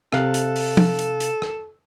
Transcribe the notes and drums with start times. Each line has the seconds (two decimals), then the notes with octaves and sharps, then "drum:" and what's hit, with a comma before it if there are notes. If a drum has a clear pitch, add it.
0.12 C3 A4 F5 F#6, drum: rim click
0.34 drum: hi-hat
0.56 drum: open hi-hat
0.77 drum: tom F3
0.99 drum: hi-hat
1.20 drum: hi-hat
1.42 drum: rim click